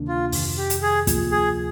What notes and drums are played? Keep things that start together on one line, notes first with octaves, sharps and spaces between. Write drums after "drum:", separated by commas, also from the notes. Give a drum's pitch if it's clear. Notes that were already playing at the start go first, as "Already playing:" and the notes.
Already playing: D2 C3 D#3 A#3 D4
F4
F2 C3 D#3, drum: open hi-hat
G4
drum: hi-hat
G#4
D2 C3 F3 A#3 F4, drum: kick, hi-hat
G#4